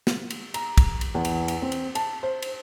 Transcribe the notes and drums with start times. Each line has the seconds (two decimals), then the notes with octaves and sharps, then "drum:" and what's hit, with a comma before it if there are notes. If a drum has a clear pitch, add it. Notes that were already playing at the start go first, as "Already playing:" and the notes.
0.07 drum: snare
0.30 drum: cymbal
0.54 A#5, drum: cymbal
0.78 drum: kick, cymbal
1.01 drum: cymbal
1.15 E2
1.25 drum: cymbal
1.48 drum: cymbal
1.62 C4
1.72 drum: cymbal
1.95 A5, drum: cymbal
2.23 C5
2.42 drum: cymbal